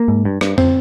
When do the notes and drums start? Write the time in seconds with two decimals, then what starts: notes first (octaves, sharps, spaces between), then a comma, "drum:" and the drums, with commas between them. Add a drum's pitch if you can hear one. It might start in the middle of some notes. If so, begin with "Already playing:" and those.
Already playing: A#3
0.08 G#2
0.25 G2
0.41 G2, drum: rim click
0.58 C4, drum: tom F2